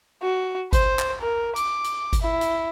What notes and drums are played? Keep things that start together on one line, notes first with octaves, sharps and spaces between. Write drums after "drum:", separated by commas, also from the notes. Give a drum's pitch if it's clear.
F#4
C5, drum: kick G1, hi-hat
drum: clap
A#4
D6, drum: hi-hat
drum: hi-hat
drum: kick G1, hi-hat
E4
drum: hi-hat